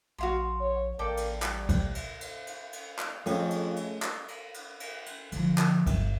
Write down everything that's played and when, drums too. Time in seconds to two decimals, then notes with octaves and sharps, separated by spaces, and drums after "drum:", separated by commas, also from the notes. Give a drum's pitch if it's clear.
0.18 A#1 F#4 F5 C6
0.60 C#5
0.99 A1 A#3 A4 D5 G5
1.17 drum: cymbal
1.42 G3, drum: clap
1.69 drum: kick C#2, cymbal
1.95 drum: cymbal
2.21 drum: cymbal
2.47 drum: cymbal
2.73 drum: cymbal
2.99 drum: clap
3.26 F2 F3 A3 C#4 G#4 D#5 G#5, drum: cymbal
3.50 drum: cymbal
3.76 drum: cymbal
4.02 drum: clap
4.28 drum: cymbal
4.54 drum: cymbal
4.80 drum: cymbal
5.06 drum: cymbal
5.32 D3 F3, drum: cymbal
5.58 drum: clap
5.87 G1, drum: kick C#2, cymbal